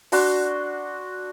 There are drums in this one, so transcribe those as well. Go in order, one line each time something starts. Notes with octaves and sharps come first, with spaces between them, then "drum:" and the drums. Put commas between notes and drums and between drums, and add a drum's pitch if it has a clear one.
D4 F#4 C6, drum: open hi-hat